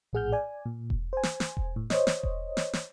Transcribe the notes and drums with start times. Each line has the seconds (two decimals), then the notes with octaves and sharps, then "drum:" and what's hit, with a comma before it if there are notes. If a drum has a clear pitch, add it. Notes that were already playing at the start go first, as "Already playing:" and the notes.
0.13 A#1 A2 G#4 F#5 F6 G6
0.32 D5 G#5
0.66 A#2
0.90 drum: kick E1
1.13 C5 G#5
1.23 drum: snare
1.40 drum: snare
1.57 drum: kick E1
1.76 A2
1.90 C5 C#5 D#5, drum: snare
2.07 drum: snare
2.23 drum: kick E1
2.57 drum: snare
2.73 drum: snare